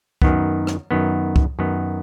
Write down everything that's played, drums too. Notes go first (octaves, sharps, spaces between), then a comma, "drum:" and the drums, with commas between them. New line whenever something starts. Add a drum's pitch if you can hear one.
F#2 D#3 B3, drum: kick
drum: rim click
F#2 D#3 B3
drum: kick
F#2 D#3 B3